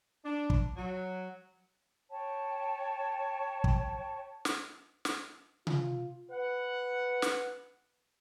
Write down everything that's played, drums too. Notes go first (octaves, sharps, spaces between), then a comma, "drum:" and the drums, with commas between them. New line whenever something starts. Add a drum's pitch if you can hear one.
D4
drum: kick
F#3
C#5 G5 A5
drum: kick
drum: snare
drum: snare
F4, drum: tom C3
B4 F#5
drum: snare